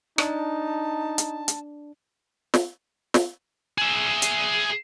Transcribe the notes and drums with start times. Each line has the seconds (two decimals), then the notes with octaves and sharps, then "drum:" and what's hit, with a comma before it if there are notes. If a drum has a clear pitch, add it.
0.18 D4 D#4 A5, drum: rim click
1.18 drum: hi-hat
1.48 drum: hi-hat
2.54 drum: snare
3.14 drum: snare
3.78 G#4 E5
4.22 drum: hi-hat